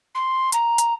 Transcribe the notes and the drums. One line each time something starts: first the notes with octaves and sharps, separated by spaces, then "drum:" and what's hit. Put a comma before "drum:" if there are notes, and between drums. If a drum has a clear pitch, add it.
C6
A#5, drum: hi-hat
drum: hi-hat